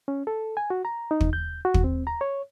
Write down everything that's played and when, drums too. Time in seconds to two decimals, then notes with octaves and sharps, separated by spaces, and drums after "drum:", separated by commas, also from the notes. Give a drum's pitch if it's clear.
0.08 C#4
0.27 A4
0.57 G#5
0.70 F#4
0.85 A#5
1.11 D#4
1.21 drum: kick
1.33 G6
1.65 F#4
1.74 drum: kick
1.84 C4
2.07 A#5
2.21 C#5